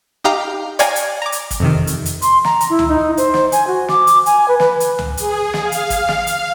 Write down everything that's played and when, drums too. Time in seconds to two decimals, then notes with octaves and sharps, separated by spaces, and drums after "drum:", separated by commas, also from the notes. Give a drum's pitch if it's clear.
0.24 D#4 G4 F5 A#5
0.79 C#5 D5 F5 G5 G#5 A#5, drum: hi-hat
0.96 drum: hi-hat
1.22 A#5 D6
1.32 drum: hi-hat
1.51 drum: kick, hi-hat
1.60 F2 C3 D#3
1.87 drum: hi-hat
2.06 drum: hi-hat
2.22 C6, drum: hi-hat
2.44 A#5, drum: snare
2.61 drum: hi-hat
2.70 E4
2.79 drum: tom
2.89 D#4
3.17 C5, drum: hi-hat
3.34 drum: snare
3.52 G#5, drum: hi-hat
3.67 F#4
3.88 D6, drum: snare
4.07 drum: hi-hat
4.26 G#5, drum: hi-hat
4.48 B4
4.60 B4, drum: snare
4.80 drum: hi-hat
4.99 drum: tom
5.17 G#4, drum: hi-hat
5.54 drum: snare
5.63 F5
5.72 drum: hi-hat
5.90 drum: kick, hi-hat
6.08 drum: snare
6.27 drum: hi-hat